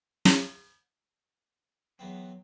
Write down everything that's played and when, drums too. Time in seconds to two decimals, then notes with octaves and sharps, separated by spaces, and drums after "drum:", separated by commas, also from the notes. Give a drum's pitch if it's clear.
0.25 drum: snare
1.99 E2 F#3 B3 C4